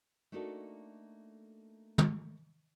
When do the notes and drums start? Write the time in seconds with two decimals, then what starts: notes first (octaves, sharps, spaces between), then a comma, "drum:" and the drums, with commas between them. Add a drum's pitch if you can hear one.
0.32 A3 A#3 D4 D#4 F#4 A4
1.98 drum: tom